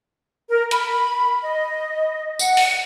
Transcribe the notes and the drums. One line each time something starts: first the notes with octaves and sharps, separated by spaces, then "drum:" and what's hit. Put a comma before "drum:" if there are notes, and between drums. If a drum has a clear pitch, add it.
A#4
B5, drum: hi-hat
D#5
F#5, drum: tambourine
drum: open hi-hat